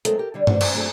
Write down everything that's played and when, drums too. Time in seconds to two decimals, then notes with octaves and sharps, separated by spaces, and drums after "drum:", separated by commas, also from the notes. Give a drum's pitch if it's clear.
0.05 F#3 G#3 A3 C4 A4 A#4, drum: hi-hat
0.18 G4 A#4
0.34 D3 G3 D4
0.47 D4 C5, drum: tom
0.61 G#2 E3 C5 G#5, drum: cymbal
0.73 F#3 A3 C4 D4 F#4 G#4